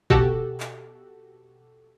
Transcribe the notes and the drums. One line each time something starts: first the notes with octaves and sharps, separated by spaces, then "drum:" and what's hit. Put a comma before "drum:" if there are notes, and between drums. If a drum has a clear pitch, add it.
B2 F#4 G4 A4, drum: kick
drum: clap